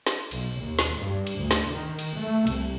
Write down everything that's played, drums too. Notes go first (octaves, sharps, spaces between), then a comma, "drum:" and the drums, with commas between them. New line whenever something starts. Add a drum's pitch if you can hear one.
drum: snare
B1, drum: cymbal
D#2
drum: snare
G2
drum: cymbal
D2
drum: snare
D#3
drum: cymbal
A3
C2, drum: cymbal